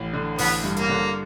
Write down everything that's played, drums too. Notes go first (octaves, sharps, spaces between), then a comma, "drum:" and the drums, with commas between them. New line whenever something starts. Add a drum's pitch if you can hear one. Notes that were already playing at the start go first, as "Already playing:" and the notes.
Already playing: A1
D3
A1 B3, drum: open hi-hat
G2
A#3, drum: hi-hat
D3